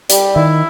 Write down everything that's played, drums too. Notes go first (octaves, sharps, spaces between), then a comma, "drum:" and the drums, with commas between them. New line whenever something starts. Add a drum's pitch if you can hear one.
G3, drum: hi-hat
D#3 E4